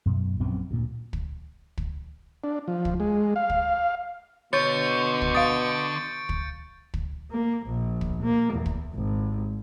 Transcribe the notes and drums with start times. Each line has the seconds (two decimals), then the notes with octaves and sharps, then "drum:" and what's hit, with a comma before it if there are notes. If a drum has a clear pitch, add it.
0.06 F#2 B2
0.40 A#1 F#2 B3 C4
0.71 D2 A#2
1.13 drum: kick
1.78 drum: kick
2.44 D4
2.68 F3
2.85 drum: kick
3.00 G#3
3.36 F5
3.50 drum: kick
4.53 B2 D3 C#5 C#6 G6 A6 C#7
5.22 drum: kick
5.35 F5 D#6 A6 D7
6.29 drum: kick
6.94 drum: kick
7.31 A#3
7.66 A#1
8.01 drum: kick
8.23 A#3
8.53 E2
8.66 drum: kick
8.94 G#1